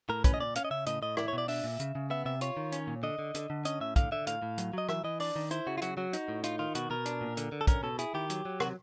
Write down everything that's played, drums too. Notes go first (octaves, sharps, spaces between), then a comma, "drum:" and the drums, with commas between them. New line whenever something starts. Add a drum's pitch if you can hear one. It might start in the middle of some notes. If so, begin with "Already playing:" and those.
A2 A#4
C#4 B4, drum: kick, hi-hat
D#5
A#2 D5
C#4 F5, drum: hi-hat
D#5
C#3 E5
A2 D#5, drum: hi-hat
A2 D#5
E4 D5, drum: rim click
C#5
B2 D5
D4 E5, drum: open hi-hat
A#2
C#3, drum: hi-hat
C#3
B3 E5
C3 E5
F4 C#5, drum: hi-hat
D#3
C#4, drum: hi-hat
A#2
D3 D#5
D3
D3, drum: hi-hat
D3
C#4 D#5, drum: hi-hat
A2 E5
D3 F5, drum: kick, hi-hat
D3 E5
A2 F5, drum: hi-hat
A2
F#3, drum: hi-hat
F#3 D#5
E3 E5, drum: rim click
E3 D#5
D4 D5, drum: open hi-hat
D#3
E4 C5, drum: hi-hat
C#3 F#4
F4
F#3 F#4, drum: hi-hat
F#3 F#4
D#4, drum: hi-hat
A2
D#4 F4, drum: hi-hat
D#3 F4
B2 F#4, drum: hi-hat
B2 A#4
D4, drum: hi-hat
A#2
D3, drum: hi-hat
D3
A4
C#4 A#4, drum: kick, hi-hat
B2 A4
E4 G#4, drum: hi-hat
D#3 G4
F#3, drum: hi-hat
F#3
C3 F#4, drum: rim click